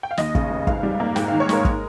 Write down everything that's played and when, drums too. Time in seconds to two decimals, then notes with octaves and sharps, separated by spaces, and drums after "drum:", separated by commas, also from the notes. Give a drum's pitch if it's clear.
0.03 G5
0.11 F5
0.17 D#2 D#5, drum: snare
0.35 C#3, drum: kick
0.50 F1
0.67 G#2 F5, drum: kick
0.83 G3
1.00 A#3
1.16 G#2 G5, drum: snare
1.28 F5
1.32 D#3
1.40 C#5
1.49 G#3 A#4, drum: snare
1.65 drum: kick